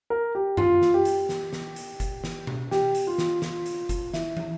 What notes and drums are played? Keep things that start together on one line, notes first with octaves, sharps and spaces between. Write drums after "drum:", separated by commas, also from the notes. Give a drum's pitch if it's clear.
A#4
G4
F4, drum: tom F#2
drum: snare
G4
drum: hi-hat
drum: snare
drum: snare
drum: hi-hat
drum: kick F#1, hi-hat
drum: snare
drum: tom B2
G4, drum: snare
drum: hi-hat
F4
drum: snare
F4, drum: snare
drum: hi-hat
drum: kick F#1, hi-hat
E4, drum: snare
drum: tom